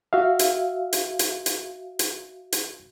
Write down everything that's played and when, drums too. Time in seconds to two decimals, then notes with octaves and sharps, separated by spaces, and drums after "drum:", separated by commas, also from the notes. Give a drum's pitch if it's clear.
0.13 F#4 E5 F5
0.39 drum: hi-hat
0.93 drum: hi-hat
1.19 drum: hi-hat
1.46 drum: hi-hat
1.99 drum: hi-hat
2.52 drum: hi-hat